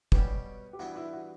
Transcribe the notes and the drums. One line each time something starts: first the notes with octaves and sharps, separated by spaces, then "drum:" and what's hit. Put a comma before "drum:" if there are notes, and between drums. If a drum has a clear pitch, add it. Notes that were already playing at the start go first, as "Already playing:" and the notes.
B2 G3 B3 C#4 G4 D5, drum: kick
G4
G2 E3 B3 D4 F#4
E4
F#4